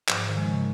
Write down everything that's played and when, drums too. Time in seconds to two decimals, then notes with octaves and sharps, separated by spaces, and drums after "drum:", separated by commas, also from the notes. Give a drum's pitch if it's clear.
0.08 G#2 F3, drum: clap
0.27 D#3
0.37 F3 G#3
0.46 C#3